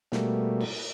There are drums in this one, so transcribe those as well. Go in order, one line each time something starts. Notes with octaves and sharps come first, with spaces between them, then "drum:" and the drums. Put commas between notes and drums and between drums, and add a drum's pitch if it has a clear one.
B2 G3 A3 A#3, drum: snare
drum: cymbal